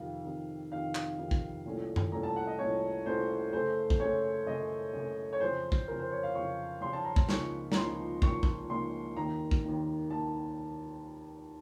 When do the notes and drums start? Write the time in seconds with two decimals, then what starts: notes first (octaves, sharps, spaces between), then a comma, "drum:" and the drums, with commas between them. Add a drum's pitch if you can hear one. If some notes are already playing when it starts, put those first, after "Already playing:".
Already playing: F2 C3 D#3 F5
0.24 F2 C3 D#3
0.72 F2 C3 D#3 F5
0.95 drum: clap
1.18 F2 C3 D#3
1.31 drum: kick
1.65 C2 A#2 A3 C#4
1.96 drum: tom F#2
2.12 C2 A#2 A3 C#4 A#5
2.23 A5
2.36 F#5
2.47 D#5
2.59 C2 A#2 A3 C#4 C#5
3.06 C2 A#2 A3 C#4 C5
3.53 F#2 C#3 A3 C5
3.90 drum: kick
4.00 F#2 C#3 A3 C#5
4.46 F#2 C#3 A3 D#5
4.93 F#2 C#3 A3
5.33 C#5
5.40 F2 C#3 F#3 C5
5.72 drum: kick
5.88 F2 C#3 F#3 A#4
6.00 C5
6.12 C#5
6.23 F5
6.35 F2 C#3 F#3 C#6
6.81 F2 C#3 F#3 C6
6.93 A5
7.05 A#5
7.16 A#5, drum: kick
7.29 C#2 C#3 F3 A#3 D#4 C#6, drum: snare
7.72 A#5, drum: snare
7.76 C#2 C#3 F3 A#3 D#4 C6
8.22 C#2 C#3 F3 A#3 D#4 C#6, drum: kick
8.43 drum: kick
8.69 C#2 C#3 F3 A#3 D#4 C6
9.16 D#2 D#3 A#3 A#5
9.51 drum: kick
9.63 D#2 D#3 A#3
10.10 D#3 A#3 A5